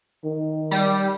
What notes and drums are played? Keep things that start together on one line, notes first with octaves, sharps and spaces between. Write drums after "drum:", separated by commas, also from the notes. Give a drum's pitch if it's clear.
D#3
G3, drum: tambourine